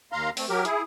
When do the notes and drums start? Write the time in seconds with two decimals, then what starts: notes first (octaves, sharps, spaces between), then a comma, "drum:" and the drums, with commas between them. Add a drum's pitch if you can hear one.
0.12 D#2 F5 A#5 C6
0.37 A3 C4, drum: open hi-hat
0.49 F#3 G4 A#4
0.65 E4 G#4, drum: hi-hat